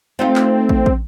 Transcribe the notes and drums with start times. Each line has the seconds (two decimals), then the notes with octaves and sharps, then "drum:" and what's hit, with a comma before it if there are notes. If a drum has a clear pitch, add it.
0.19 A3 C4 D#4 F4
0.36 drum: clap
0.69 drum: kick
0.86 drum: kick